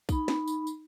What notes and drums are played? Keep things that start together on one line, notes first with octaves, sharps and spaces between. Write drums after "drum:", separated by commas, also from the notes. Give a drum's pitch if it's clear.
D#4 B5, drum: kick, tambourine
drum: snare
drum: tambourine
drum: tambourine